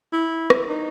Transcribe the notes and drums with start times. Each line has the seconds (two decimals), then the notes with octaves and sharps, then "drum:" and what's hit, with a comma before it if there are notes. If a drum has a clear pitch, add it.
0.13 E4
0.50 drum: rim click
0.69 D#4